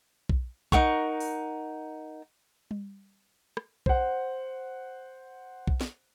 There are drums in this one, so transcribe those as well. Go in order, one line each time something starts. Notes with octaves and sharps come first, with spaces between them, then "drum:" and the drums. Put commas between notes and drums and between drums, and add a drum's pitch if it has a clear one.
drum: kick
D#4 A#4 F#5 C#6, drum: kick
drum: open hi-hat
drum: tom G3
drum: rim click
C5 F#5, drum: kick
drum: kick
drum: snare